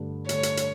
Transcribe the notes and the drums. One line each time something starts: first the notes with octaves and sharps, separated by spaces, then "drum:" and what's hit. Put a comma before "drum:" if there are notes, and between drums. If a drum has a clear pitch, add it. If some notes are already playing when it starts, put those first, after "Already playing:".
Already playing: G2 D3 A3
G2 D3 A3 C#5, drum: hi-hat
drum: hi-hat
drum: hi-hat